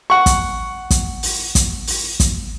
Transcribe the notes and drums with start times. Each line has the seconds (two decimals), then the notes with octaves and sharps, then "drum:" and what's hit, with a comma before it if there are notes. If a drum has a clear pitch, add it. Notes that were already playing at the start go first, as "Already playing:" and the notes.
0.10 F#5 C#6
0.26 drum: kick, hi-hat
0.90 drum: kick, hi-hat
1.23 drum: open hi-hat
1.55 drum: kick, hi-hat
1.87 drum: open hi-hat
2.20 drum: kick, hi-hat